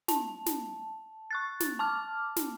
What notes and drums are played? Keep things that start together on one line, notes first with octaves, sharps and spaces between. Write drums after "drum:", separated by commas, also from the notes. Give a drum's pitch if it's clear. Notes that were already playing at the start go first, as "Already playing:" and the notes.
A5, drum: snare
drum: snare
C#6 F#6 A6
drum: snare
A5 D6 F6
drum: snare